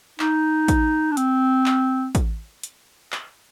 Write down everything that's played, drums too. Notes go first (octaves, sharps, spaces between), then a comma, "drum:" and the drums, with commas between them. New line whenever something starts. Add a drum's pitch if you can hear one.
D#4, drum: clap
drum: kick, hi-hat
D4
C4, drum: hi-hat
drum: clap
drum: kick, hi-hat
drum: hi-hat
drum: clap